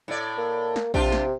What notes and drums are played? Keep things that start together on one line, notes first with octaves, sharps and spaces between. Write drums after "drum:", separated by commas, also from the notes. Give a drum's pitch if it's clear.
A2 D5
A#3
drum: snare
C3 D4 F4 G4, drum: kick A#1
drum: snare